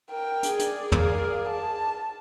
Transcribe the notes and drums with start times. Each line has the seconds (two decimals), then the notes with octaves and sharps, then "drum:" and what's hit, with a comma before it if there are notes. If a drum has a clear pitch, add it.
0.11 A#4 G5
0.43 G#4 D5, drum: hi-hat
0.59 drum: hi-hat
0.92 A#4 F5, drum: tom
1.50 A5